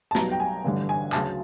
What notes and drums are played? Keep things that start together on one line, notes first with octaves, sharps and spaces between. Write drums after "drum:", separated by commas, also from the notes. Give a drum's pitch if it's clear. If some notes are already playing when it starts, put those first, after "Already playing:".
A5
B1 B2 G3 A#5, drum: snare
G5
G#5
A1 G2 D3 G3
G#5
D2 C#3 F#3 A5, drum: clap